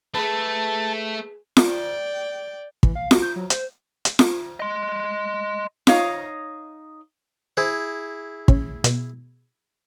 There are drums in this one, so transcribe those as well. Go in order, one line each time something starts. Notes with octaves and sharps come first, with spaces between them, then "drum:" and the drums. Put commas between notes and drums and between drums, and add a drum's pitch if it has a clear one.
A3 G#4 B4 A5
drum: snare F4
D5 G5
E3, drum: kick
F5
F#4, drum: snare F4
G6
F#3
C5, drum: hi-hat
drum: hi-hat
drum: snare F4
D#5 C6
D#4 C#5 D#5 F5, drum: snare F4
E4 G#4 C5
C#4, drum: kick
B2, drum: hi-hat